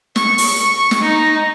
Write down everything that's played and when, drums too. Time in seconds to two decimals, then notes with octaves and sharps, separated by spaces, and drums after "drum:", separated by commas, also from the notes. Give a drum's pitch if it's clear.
0.16 C#6, drum: snare
0.38 drum: open hi-hat
0.91 drum: snare
1.02 D#4